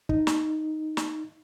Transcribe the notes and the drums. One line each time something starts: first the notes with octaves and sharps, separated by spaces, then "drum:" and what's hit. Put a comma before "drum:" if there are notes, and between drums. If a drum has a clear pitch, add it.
D#4, drum: kick
drum: snare
drum: snare